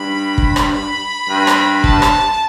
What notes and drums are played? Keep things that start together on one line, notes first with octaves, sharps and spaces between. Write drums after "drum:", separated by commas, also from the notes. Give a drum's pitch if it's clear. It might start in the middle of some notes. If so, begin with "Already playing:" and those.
Already playing: G2 B5
drum: kick
drum: rim click
B5
G2
drum: rim click
A5, drum: kick
drum: rim click